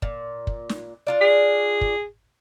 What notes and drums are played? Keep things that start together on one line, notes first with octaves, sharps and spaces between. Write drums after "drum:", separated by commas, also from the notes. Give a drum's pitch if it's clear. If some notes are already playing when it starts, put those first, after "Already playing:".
A#2, drum: kick
drum: kick
drum: snare
D4 F4 D5
G#4
drum: kick